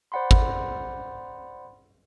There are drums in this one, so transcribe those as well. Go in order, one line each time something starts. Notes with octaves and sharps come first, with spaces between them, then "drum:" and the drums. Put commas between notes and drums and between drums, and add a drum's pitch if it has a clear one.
C5 D5 F#5 B5 C6
drum: kick G#1